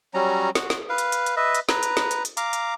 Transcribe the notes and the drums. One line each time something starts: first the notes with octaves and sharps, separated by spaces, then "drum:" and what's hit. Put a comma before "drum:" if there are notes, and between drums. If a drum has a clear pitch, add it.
F#3 G3 C#4 A#5
F#4, drum: snare
drum: snare
B4 F5
drum: hi-hat
drum: hi-hat
drum: hi-hat
B4 D#5 E5
drum: hi-hat
B4 A#5, drum: snare
drum: hi-hat
drum: snare
drum: hi-hat
drum: hi-hat
F5 A#5 D6, drum: hi-hat
drum: hi-hat